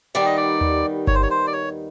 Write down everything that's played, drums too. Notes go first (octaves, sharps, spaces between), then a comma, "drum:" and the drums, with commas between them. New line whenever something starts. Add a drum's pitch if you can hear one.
D#2 D#3 G3 B3 D#4 D5
D#5
D5
drum: tom D#2
C#5, drum: kick G1
C5
C#5
C5
D5
C#5